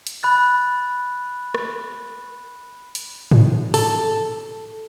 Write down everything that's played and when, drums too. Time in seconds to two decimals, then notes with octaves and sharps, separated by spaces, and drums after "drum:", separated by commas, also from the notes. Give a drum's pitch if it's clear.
0.07 drum: hi-hat
0.23 B5 F#6 A6
1.54 drum: rim click
2.95 drum: hi-hat
3.31 drum: tom G#2
3.74 A4, drum: open hi-hat